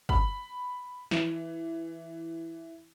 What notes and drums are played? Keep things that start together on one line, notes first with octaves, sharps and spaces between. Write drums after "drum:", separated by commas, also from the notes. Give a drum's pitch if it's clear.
B5, drum: kick G1
E3, drum: snare